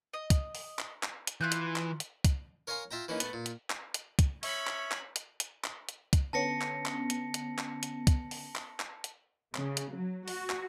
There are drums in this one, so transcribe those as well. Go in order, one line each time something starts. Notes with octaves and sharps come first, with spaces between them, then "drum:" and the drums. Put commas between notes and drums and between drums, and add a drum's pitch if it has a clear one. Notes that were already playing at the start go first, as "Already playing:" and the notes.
D#5
drum: kick, hi-hat
drum: open hi-hat
drum: clap
drum: clap
drum: hi-hat
E3 F4 F#6 G6
drum: hi-hat
drum: clap
drum: hi-hat
drum: kick, hi-hat
A#4 C#5 F5 G#5 A#5 C6
F4 E5 G5 A#5
E3 A#3 C#4 D#4
A3 B3, drum: hi-hat
A#2
drum: hi-hat
drum: clap
drum: hi-hat
drum: kick, hi-hat
C#4 C#5 E5 B5 C#6, drum: open hi-hat
drum: clap
drum: clap
drum: hi-hat
drum: hi-hat
drum: clap
drum: hi-hat
drum: kick, hi-hat
D3 B3 C#4 A5 A#6 C#7
drum: clap
drum: clap
drum: hi-hat
drum: hi-hat
drum: clap
drum: hi-hat
drum: kick, hi-hat
drum: open hi-hat
drum: clap
drum: clap
drum: hi-hat
C#3, drum: clap
drum: hi-hat
F#3
F#4, drum: open hi-hat
drum: clap